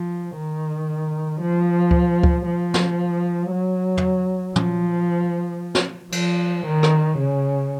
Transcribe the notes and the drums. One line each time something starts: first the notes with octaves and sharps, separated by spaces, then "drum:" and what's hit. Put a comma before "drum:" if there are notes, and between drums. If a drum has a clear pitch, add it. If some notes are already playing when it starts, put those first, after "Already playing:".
Already playing: F3
D#3
F3
drum: kick C#2
drum: kick C#2
F3
drum: snare
F#3
drum: tom
F3, drum: tom
drum: snare
F3, drum: cymbal
D#3
drum: rim click
C#3